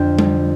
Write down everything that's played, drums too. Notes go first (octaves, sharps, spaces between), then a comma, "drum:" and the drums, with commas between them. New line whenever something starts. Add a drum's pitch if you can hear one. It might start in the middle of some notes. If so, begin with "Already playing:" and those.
Already playing: F2 D3 C4 G5
G3, drum: tom G3